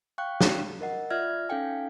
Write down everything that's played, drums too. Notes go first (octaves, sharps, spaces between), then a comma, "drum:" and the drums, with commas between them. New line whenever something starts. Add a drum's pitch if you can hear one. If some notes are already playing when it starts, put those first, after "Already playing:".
F5 G5 C#6 F#6
drum: snare
A#4 D#5 F#5
F4 D5 E5 F6 G#6
C#4 D#4 A4 F5 G5 G#5